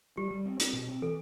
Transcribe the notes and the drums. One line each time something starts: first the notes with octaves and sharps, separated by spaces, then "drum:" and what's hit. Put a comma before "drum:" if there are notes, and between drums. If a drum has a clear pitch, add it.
G3 G4
G3
C4
C4, drum: hi-hat
B2
C4
E3 A4